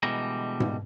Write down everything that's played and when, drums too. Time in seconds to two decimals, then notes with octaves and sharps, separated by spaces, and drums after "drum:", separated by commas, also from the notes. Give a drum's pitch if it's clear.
0.03 B2 D3 E3 G3 G#3 A#5
0.60 drum: tom G#2